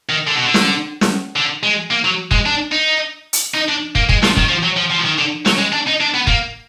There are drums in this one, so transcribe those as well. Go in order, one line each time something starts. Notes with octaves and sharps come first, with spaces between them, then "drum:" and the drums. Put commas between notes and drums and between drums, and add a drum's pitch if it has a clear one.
D#3
D3
B2
D3
drum: snare
drum: snare
D3
G#3
A#3
F#3
G#3, drum: kick
D4
D#4
drum: hi-hat
D#4
D4
A#3, drum: kick
G#3, drum: kick
F3, drum: snare
D#3, drum: kick
F3
F#3
F3
F3
D#3
D3
F#3, drum: snare
G#3
D4
D#4
D4
B3
A#3, drum: kick